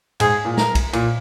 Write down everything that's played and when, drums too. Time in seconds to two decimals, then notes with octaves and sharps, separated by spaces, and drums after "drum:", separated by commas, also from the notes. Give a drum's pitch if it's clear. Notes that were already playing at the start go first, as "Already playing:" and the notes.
0.20 G#2 G#4, drum: cymbal
0.45 A#2
0.57 A#4, drum: snare
0.75 drum: kick, cymbal
0.93 A#2, drum: cymbal